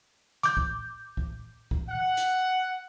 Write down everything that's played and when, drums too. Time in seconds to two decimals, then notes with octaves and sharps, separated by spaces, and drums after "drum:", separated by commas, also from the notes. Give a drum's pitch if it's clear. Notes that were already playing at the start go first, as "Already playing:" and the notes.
0.43 D6 G6, drum: hi-hat
0.57 drum: kick
1.17 drum: kick
1.71 drum: kick
1.89 F#5
2.17 drum: hi-hat